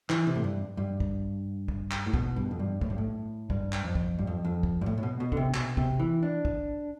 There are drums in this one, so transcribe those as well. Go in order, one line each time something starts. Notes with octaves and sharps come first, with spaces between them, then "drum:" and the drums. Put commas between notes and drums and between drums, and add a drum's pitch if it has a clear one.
E3, drum: clap
C3
A2
G2
G2
drum: kick
drum: kick
drum: clap
A2
B2, drum: kick
G2
F2
G2
A2, drum: kick
G2
A2
G2, drum: kick
drum: clap
F2
drum: kick
G2
F2
F2
drum: kick
G2
A2
A2
B2
B2
D3, drum: kick
C3
B2, drum: clap
C3, drum: kick
E3
D4
drum: kick